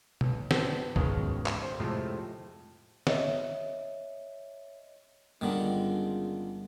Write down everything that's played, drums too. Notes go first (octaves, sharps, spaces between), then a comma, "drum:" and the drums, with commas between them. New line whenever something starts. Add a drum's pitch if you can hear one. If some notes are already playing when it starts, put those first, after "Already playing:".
B1, drum: tom
B3 C4 D4, drum: snare
G#1 C#2 B2 D#3 G#3 F5, drum: kick
drum: clap
C5
F2 A2 C3 F3 G#3 A3
C#5 D#5 E5, drum: snare
G1 G2 D3 D#3 G#3 C#4 F4